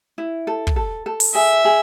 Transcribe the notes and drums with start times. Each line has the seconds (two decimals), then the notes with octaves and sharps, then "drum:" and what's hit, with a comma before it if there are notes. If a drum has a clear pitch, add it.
0.18 E4
0.47 A4
0.67 drum: kick
0.76 A4
1.06 A4
1.20 drum: open hi-hat
1.34 G#4 E5
1.65 G#4